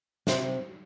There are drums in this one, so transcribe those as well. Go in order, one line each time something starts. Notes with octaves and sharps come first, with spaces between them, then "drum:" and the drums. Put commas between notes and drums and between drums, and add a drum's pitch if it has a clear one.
C3 C5, drum: snare